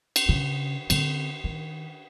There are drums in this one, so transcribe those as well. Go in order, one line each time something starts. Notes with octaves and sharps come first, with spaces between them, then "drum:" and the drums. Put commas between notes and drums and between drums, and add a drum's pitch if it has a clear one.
drum: cymbal
C#3
D3 C4, drum: cymbal
D#3